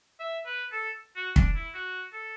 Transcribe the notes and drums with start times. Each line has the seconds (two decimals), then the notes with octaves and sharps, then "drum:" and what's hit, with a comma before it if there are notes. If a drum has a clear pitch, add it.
0.20 E5
0.46 B4
0.72 A4
1.16 F#4
1.36 D4, drum: kick
1.55 E4
1.74 F#4
2.13 A4